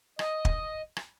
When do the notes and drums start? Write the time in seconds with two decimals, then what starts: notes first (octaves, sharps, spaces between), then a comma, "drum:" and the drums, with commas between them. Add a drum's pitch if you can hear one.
0.19 D#5, drum: rim click
0.45 drum: kick
0.97 drum: rim click